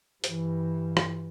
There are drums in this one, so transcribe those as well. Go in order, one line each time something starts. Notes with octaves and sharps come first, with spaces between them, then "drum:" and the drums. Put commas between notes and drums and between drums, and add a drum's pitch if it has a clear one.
G2 E3, drum: hi-hat
drum: rim click